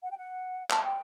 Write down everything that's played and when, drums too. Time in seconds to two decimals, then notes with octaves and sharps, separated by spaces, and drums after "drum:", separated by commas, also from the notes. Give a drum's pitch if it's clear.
0.03 F#5
0.10 G5
0.17 F#5
0.70 A5, drum: clap
0.84 G5